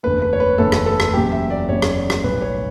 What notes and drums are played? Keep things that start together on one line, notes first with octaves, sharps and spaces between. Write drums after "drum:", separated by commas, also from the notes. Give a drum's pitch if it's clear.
F#1 E2 D3 A3 B4
B4
C#5
B4
F#1 E2 D3 A3 A4
drum: rim click
A4
drum: rim click
F#1 E2 C#3 F#3 G4
E5
D5
F#1 E2 C#3 F#3 C#5
drum: rim click
D5
drum: rim click
B1 A2 G3 B4
C#5